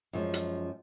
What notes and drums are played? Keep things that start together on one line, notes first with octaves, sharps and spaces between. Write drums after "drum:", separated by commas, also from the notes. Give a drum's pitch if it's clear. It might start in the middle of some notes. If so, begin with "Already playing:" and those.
F#2 F3 G#3
drum: hi-hat